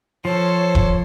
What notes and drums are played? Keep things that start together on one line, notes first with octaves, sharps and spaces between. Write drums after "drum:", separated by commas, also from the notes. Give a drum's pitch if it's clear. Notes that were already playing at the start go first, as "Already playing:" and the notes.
F3 A4 C5 C#5
drum: kick D#1